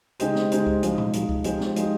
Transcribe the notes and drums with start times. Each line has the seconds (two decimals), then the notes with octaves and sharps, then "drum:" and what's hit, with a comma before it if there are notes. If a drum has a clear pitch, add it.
0.20 C#3 G#3 D#4 G4 C5, drum: hi-hat
0.35 drum: snare
0.52 C#3 G#3 D#4 G4 C5, drum: hi-hat
0.67 drum: kick C#2
0.83 F3 G#3 D#4, drum: hi-hat
0.98 drum: tom A2
1.13 F3 G#3 D#4, drum: hi-hat
1.29 drum: kick C#2
1.44 F3 G#3 D#4 G4 C5, drum: hi-hat
1.60 drum: snare
1.76 F3 G#3 D#4 G4 C5, drum: hi-hat